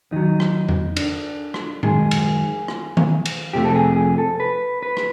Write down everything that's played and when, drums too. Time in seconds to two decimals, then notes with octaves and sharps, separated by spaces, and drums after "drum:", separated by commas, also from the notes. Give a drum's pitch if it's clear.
0.11 D#2 D#3 F#3 D#4
0.40 drum: rim click
0.69 drum: tom E2
0.97 D4, drum: cymbal
1.54 drum: rim click
1.83 F#2 D#3 G#3 G#4, drum: tom A2
2.11 drum: cymbal
2.68 drum: rim click
2.97 drum: tom D#3
3.25 drum: cymbal
3.53 F2 C3 F3 A3 C4 G4
3.65 A4
3.76 G#4
3.96 G#4
4.18 A4
4.40 B4
4.83 B4
4.97 drum: rim click